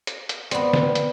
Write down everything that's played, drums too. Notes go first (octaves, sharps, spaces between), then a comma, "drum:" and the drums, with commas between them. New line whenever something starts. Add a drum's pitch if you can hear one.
drum: hi-hat
drum: hi-hat
B3 C4 D5, drum: hi-hat
drum: snare
drum: hi-hat